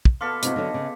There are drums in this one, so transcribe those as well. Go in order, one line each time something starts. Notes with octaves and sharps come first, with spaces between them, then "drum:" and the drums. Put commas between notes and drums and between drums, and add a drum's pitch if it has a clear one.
drum: kick
B2 A4 F5 C6 D6 B6
C3 E4 F#4 D#5, drum: hi-hat
D3 F#3
C#3